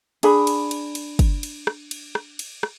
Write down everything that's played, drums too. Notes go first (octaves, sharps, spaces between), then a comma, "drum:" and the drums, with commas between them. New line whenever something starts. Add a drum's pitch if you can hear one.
D4 G#4 B5, drum: cymbal
drum: cymbal
drum: cymbal
drum: cymbal
drum: kick, cymbal
drum: cymbal
drum: rim click
drum: cymbal
drum: rim click
drum: cymbal
drum: rim click